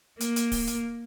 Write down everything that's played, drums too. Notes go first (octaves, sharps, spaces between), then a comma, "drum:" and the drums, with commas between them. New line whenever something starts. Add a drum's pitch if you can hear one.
A#3, drum: hi-hat
drum: hi-hat
drum: kick D1, open hi-hat
drum: hi-hat